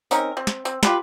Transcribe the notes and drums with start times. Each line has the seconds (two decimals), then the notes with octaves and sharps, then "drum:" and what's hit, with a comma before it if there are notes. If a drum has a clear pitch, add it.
0.11 C4 C#4 D#4 A#4, drum: tambourine
0.37 C4
0.47 drum: snare
0.65 C4, drum: tambourine
0.83 F4 G4 B4, drum: snare